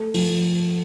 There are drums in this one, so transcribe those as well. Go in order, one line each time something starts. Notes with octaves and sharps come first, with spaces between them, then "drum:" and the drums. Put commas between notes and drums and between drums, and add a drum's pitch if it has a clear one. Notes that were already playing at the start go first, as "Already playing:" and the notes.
Already playing: A3
F3, drum: open hi-hat